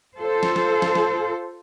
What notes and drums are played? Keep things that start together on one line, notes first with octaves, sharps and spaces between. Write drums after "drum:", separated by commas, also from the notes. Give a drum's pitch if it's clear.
F4 A4 C5
drum: snare
drum: snare
drum: snare
drum: snare